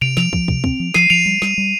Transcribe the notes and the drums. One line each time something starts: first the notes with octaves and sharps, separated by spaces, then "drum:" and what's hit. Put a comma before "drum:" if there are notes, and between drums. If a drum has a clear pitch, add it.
C3 D7 F7
F3 D7 F7, drum: snare
F3, drum: kick
C3, drum: kick
C4, drum: kick
F3
F3 C7 D#7, drum: snare
F3 D7 F7
G3
G3, drum: snare
G3